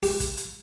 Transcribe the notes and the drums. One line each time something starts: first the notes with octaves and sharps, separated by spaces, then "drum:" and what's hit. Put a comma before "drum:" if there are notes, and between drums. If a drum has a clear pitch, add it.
G4, drum: open hi-hat
drum: kick, hi-hat
drum: hi-hat